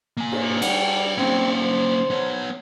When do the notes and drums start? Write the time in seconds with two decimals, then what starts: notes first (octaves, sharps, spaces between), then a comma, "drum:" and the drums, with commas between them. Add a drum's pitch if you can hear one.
0.17 A#3 G#5
0.32 drum: cymbal
0.62 G3 F#5 G5, drum: cymbal
1.18 A#3 C4 C#4
1.59 C5
2.10 B3 C#5